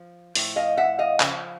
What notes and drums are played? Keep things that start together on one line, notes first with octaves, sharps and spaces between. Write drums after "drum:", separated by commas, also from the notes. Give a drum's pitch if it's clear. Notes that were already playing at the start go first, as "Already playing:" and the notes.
Already playing: F3
A2 F3, drum: open hi-hat
D#5 F5
E5 F#5
D#5 F5
C#3 F3, drum: clap